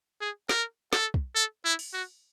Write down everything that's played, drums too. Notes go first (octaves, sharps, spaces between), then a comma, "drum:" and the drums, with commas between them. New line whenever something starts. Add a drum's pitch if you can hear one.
G#4
A#4, drum: snare
A4, drum: snare
drum: kick
A4
E4
drum: open hi-hat
F#4